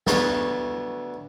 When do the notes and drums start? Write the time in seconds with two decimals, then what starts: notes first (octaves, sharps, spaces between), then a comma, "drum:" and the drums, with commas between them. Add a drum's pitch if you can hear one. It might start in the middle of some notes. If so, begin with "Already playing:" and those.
0.07 D2 B3 C#5 A5 C6, drum: snare